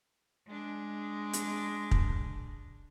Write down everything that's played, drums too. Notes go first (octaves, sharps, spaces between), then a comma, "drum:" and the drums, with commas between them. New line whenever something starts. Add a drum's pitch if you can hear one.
G#3 D4
drum: hi-hat
drum: kick